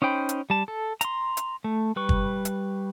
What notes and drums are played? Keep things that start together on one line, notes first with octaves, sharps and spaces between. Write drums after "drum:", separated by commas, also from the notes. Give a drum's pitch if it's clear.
C#4 D#4 C5 G5 B5
drum: hi-hat
G3 A5
A4
A#5 C6, drum: hi-hat
drum: hi-hat
A3
G3 B4 C#6
drum: kick
drum: hi-hat